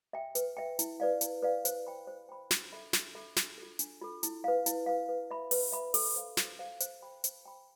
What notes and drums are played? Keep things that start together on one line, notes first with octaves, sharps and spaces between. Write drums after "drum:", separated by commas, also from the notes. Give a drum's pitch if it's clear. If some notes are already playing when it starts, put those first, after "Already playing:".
E5 G5
B4, drum: hi-hat
E5 G5
E4, drum: hi-hat
B4 D5 F5
E4, drum: hi-hat
B4 D5 F5
C5, drum: hi-hat
G5 B5
C5
G5 B5
D4, drum: snare
A4 E5 B5
D4, drum: snare
A4 E5 B5
D4, drum: snare
F4 A4
D4, drum: hi-hat
F4 A4
E4, drum: hi-hat
B4 F5
E4, drum: hi-hat
B4 F5
B4
E5 B5
B4, drum: open hi-hat
E5 B5
A4, drum: open hi-hat
C5 F5
A4, drum: snare
C5 F5
C5, drum: hi-hat
G5 B5
C5, drum: hi-hat
G5 B5